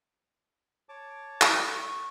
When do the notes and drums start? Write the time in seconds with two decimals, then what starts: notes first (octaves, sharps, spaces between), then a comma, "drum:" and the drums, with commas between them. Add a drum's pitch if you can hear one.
0.89 C#5 A5 D6
1.41 drum: clap
1.75 C#6